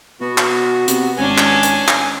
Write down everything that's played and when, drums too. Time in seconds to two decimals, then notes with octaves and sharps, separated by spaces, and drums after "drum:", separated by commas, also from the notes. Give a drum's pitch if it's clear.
0.21 B2 B3 F#4
0.38 drum: clap
0.88 C3, drum: hi-hat
1.18 G#1 C#4 D4 G#5
1.38 drum: clap
1.63 drum: hi-hat
1.88 drum: clap